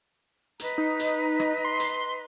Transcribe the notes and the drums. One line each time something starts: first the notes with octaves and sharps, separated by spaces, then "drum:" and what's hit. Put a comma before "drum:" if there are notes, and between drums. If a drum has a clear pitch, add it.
B4 D#5 A#5, drum: hi-hat
D#4
drum: hi-hat
drum: rim click
C6
drum: hi-hat